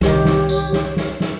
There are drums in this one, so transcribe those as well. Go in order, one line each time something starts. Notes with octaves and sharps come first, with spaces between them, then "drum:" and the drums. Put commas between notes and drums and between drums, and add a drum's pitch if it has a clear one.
C2 D#3 G4 C#5, drum: snare
drum: snare
drum: tambourine
drum: snare
drum: snare
drum: snare